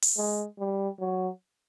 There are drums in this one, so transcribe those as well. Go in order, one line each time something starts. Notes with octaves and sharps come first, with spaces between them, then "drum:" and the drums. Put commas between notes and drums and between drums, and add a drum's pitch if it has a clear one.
drum: open hi-hat
G#3
G3
F#3